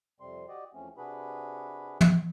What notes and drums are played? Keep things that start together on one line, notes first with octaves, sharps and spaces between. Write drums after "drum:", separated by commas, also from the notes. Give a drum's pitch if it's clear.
F2 C3 G3 C4 C6
F#4 G4 D5 D#5
E2 F3 A3 C4 C#4
C3 D4 F#4 G#4 B4 B5
drum: tom